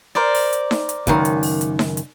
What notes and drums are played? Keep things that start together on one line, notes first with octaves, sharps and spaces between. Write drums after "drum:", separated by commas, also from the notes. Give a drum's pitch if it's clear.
A#4 C5 D5
drum: open hi-hat
drum: hi-hat
drum: snare D#4
drum: hi-hat
C#2 F#2 D#3, drum: kick, hi-hat
drum: hi-hat
drum: open hi-hat
drum: hi-hat
drum: snare D#4
drum: hi-hat